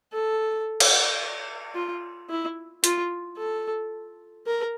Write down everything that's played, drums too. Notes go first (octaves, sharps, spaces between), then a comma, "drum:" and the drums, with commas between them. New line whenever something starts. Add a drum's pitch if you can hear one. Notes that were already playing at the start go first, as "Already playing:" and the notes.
A4
drum: cymbal
F4
E4
F4, drum: hi-hat
A4
A#4